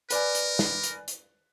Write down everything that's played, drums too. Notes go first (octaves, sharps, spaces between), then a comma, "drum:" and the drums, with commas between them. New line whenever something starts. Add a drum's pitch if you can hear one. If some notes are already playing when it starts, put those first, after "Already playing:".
A#4 B4 D5 G#5, drum: hi-hat
drum: hi-hat
drum: snare
drum: hi-hat
drum: hi-hat